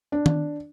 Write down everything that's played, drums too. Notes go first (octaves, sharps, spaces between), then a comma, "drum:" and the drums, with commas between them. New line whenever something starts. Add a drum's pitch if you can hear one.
D4
drum: tom D#3